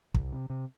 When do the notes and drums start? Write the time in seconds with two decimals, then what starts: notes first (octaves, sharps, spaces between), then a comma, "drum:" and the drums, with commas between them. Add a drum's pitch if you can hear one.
0.14 C2, drum: kick
0.32 C3
0.50 C3